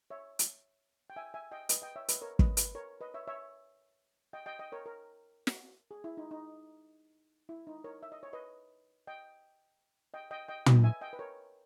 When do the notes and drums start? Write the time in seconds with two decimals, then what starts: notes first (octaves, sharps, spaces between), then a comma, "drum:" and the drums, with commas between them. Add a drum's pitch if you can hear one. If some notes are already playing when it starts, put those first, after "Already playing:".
0.10 C#5 E5
0.39 drum: hi-hat
1.10 G5
1.16 E5 G#5
1.34 E5 G#5
1.52 D#5 G5
1.69 B4 D#5, drum: hi-hat
1.82 D#5 G5
1.96 C#5 E5
2.08 B4 D#5, drum: hi-hat
2.21 A#4 C#5
2.39 B4 D#5, drum: kick
2.57 B4, drum: hi-hat
2.75 A#4 C#5
3.01 B4 D#5
3.14 C#5 E5
3.28 C#5 E5
4.33 D#5 G5
4.46 D#5 G5
4.59 D#5 G5
4.72 A#4 C#5
4.86 A#4
5.47 drum: snare
5.91 G#4
6.04 E4
6.17 D#4
6.31 D#4
7.49 E4
7.67 D#4
7.84 A#4 C#5
8.03 E5
8.12 D#5
8.23 C#5
8.33 B4 D#5
9.07 D#5 G5
10.14 D#5 G5
10.31 D#5 G5
10.48 D#5 G5
10.66 B4 D#5, drum: tom
10.84 E5 G#5
11.01 D#5 G5
11.13 B4
11.19 A#4 C#5